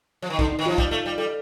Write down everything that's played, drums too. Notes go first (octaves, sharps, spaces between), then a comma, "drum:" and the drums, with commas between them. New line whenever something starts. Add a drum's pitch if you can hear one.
F3
D#3
D3 D#4, drum: kick
D#4
D#3
F3 F4
G3, drum: kick
A3
G3
G3 A4